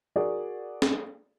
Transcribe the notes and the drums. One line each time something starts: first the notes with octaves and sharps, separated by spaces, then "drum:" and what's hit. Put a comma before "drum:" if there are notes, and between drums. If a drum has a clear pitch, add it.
F#4 G#4 A#4 D5
drum: snare